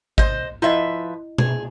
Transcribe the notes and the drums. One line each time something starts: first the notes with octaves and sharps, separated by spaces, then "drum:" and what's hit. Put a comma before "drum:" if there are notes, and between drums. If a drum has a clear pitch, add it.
C5 D#5, drum: kick G#1
F3 E4 B4 D#5 E5
G#4, drum: tom B2